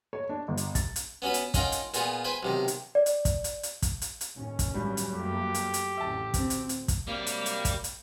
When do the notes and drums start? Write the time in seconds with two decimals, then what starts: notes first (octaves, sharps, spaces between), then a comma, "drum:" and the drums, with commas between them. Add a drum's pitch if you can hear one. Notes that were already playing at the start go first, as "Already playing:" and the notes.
0.13 C#5
0.29 D4
0.48 G1
0.57 drum: hi-hat
0.75 A6, drum: kick, hi-hat
0.96 drum: hi-hat
1.22 B3 C#4 F#4 B4
1.34 drum: hi-hat
1.54 C#4 D#4 F4 A#4 F#5 G5, drum: kick, hi-hat
1.72 drum: hi-hat
1.94 A#2 B3 F4 G#4, drum: hi-hat
2.24 B4 C5 G5 G#5
2.43 B1 C3 D#3
2.68 drum: hi-hat
2.95 D5
3.06 drum: hi-hat
3.25 drum: kick, hi-hat
3.44 drum: hi-hat
3.63 drum: hi-hat
3.82 drum: kick, hi-hat
4.02 drum: hi-hat
4.21 drum: hi-hat
4.34 D#2 A2 C#4
4.59 drum: kick, hi-hat
4.74 G2 F#3 G3
4.97 drum: hi-hat
5.11 F#2 A3 A#3 G4
5.54 drum: hi-hat
5.74 drum: hi-hat
5.97 A1 F2 D3 E5 A5
6.34 D2 C4, drum: kick, hi-hat
6.50 drum: hi-hat
6.69 drum: hi-hat
6.88 drum: kick, hi-hat
7.07 C3 F#3 G3 A#3
7.27 drum: hi-hat
7.46 drum: hi-hat
7.65 drum: kick, hi-hat
7.84 drum: hi-hat